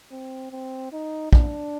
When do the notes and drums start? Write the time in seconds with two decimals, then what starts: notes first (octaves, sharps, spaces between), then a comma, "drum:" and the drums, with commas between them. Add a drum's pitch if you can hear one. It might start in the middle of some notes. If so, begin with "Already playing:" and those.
0.11 C4
0.51 C4
0.92 D#4
1.33 D4, drum: kick